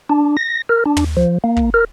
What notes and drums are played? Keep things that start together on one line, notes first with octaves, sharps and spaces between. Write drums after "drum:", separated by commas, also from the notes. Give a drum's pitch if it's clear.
D4
A#6
A#4
D4
drum: tom
F3
A#3
drum: kick
A#4